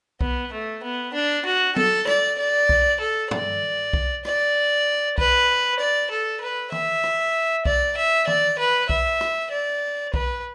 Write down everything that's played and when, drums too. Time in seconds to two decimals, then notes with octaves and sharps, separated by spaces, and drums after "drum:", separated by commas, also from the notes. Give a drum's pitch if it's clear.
0.21 B3, drum: kick B1
0.52 A3
0.83 B3
1.14 D4
1.46 F#4
1.76 A4, drum: tom F#3
2.07 D5, drum: rim click
2.39 D5
2.69 drum: kick B1
3.00 A4
3.31 D5, drum: tom
3.93 drum: kick B1
4.25 D5, drum: rim click
5.18 B4, drum: kick B1
5.80 D5
6.11 A4
6.41 B4
6.72 E5, drum: tom E3
7.04 drum: rim click
7.65 D5, drum: kick B1
7.97 E5
8.27 D5, drum: tom E3
8.59 B4
8.89 E5, drum: kick B1
9.21 drum: rim click
9.51 D5
10.14 B4, drum: kick B1